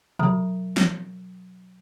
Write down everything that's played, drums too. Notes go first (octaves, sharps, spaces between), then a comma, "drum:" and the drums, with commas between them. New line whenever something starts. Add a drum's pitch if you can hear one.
B2 F#3 A#5 D#6, drum: tom A#2
drum: snare